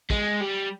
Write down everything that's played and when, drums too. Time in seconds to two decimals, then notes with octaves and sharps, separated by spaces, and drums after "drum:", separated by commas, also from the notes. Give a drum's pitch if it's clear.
0.10 G#3, drum: kick
0.41 G3